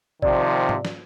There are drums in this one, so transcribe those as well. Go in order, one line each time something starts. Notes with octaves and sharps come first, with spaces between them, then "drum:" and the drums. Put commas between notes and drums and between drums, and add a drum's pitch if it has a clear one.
C3 D#3 F3 D5, drum: kick
drum: tom G#2
drum: snare